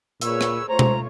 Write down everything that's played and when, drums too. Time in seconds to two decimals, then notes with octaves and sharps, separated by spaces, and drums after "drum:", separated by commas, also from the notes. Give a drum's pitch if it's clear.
0.21 A#2 G#4 B4 C#5 E6, drum: hi-hat
0.41 drum: rim click
0.69 A3 F4 C5 C#5 A#5
0.79 drum: tom B2